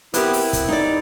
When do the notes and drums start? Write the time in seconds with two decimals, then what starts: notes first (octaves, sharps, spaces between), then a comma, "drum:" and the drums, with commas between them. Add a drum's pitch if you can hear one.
0.14 B3 C4 E4 G4 A#4 B4, drum: hi-hat
0.33 drum: open hi-hat
0.53 drum: kick, hi-hat
0.69 D#4 D5